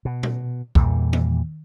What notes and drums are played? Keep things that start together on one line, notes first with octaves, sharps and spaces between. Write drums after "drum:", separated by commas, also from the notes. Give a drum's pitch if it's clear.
B2
drum: tom A#2
E2 A#2 E3 G3, drum: kick B1
drum: tom D#3